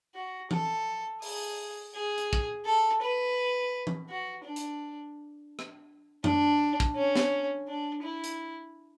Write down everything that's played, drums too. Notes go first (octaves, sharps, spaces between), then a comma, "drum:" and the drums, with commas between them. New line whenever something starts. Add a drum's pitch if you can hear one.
F#4
A4, drum: tom E3
G#4, drum: open hi-hat
G#4
drum: hi-hat
drum: kick
A4
B4
drum: tom E3
F#4
D4
drum: hi-hat
drum: rim click
D4, drum: tom F#2
drum: kick
C#4
drum: snare
D4
E4
drum: hi-hat